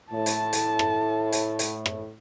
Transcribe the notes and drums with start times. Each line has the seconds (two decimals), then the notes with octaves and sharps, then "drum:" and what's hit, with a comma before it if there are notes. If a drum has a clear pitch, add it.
0.13 A2 A5
0.26 drum: hi-hat
0.53 drum: hi-hat
0.79 drum: rim click
1.32 drum: hi-hat
1.59 drum: hi-hat
1.86 drum: rim click